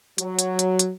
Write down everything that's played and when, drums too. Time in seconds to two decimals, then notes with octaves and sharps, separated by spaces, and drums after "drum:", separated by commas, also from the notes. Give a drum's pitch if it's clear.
0.18 F#3, drum: hi-hat
0.39 drum: hi-hat
0.59 drum: hi-hat
0.79 drum: hi-hat